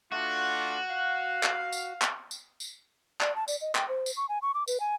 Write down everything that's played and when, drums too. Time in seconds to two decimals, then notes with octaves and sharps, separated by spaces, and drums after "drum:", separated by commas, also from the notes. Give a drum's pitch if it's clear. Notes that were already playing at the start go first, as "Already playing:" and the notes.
0.12 A3 D4 F4 F#4
0.90 F5
1.43 drum: clap
1.73 drum: tambourine
2.02 drum: clap
2.31 drum: tambourine
2.60 drum: tambourine
3.21 D5, drum: clap
3.36 A5
3.48 D5, drum: tambourine
3.61 D#5
3.75 G5, drum: clap
3.89 C5
4.06 drum: tambourine
4.17 C#6
4.29 G#5
4.42 C#6
4.54 D6
4.68 B4, drum: tambourine
4.80 G#5